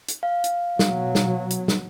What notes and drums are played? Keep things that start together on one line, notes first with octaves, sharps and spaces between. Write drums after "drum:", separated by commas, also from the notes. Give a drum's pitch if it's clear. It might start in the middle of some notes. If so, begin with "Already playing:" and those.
drum: hi-hat
F5
drum: hi-hat
B2 F#3, drum: snare
drum: snare
drum: hi-hat
drum: snare